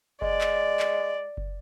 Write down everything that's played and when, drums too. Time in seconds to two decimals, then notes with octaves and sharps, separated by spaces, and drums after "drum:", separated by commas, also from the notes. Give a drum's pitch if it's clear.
0.22 G#3 D5, drum: kick F#1
0.41 drum: clap
0.80 drum: clap
1.37 drum: kick F#1